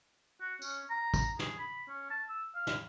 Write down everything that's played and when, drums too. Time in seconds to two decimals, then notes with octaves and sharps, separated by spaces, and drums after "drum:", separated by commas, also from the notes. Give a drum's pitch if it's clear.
0.40 F#4
0.62 C#4, drum: tambourine
0.90 A#5
1.14 drum: kick, tambourine
1.39 G#4, drum: snare
1.59 B5
1.89 C#4
2.10 A5
2.29 E6
2.55 F5
2.67 drum: snare